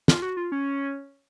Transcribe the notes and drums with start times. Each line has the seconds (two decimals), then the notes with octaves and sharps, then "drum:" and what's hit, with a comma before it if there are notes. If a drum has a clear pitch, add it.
0.08 F4, drum: snare
0.22 F#4
0.37 F4
0.52 C#4